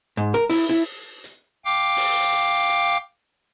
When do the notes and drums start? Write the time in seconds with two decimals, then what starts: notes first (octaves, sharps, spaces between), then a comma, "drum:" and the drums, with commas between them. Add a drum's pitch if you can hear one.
0.17 G#2
0.34 A#4
0.50 E4, drum: open hi-hat
0.69 E4
1.24 drum: hi-hat
1.65 F5 G5 D6
1.97 drum: open hi-hat
2.33 drum: hi-hat
2.69 drum: hi-hat